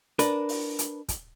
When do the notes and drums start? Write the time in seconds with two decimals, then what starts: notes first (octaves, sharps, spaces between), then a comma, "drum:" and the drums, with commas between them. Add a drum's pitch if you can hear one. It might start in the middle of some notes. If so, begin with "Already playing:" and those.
0.19 D4 A#4 B4, drum: hi-hat
0.49 drum: open hi-hat
0.79 drum: hi-hat
1.09 drum: kick, hi-hat